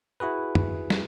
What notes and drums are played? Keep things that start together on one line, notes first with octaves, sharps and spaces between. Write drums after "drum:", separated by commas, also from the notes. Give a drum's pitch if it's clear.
E4 F#4 G#4 B4
drum: tom
drum: snare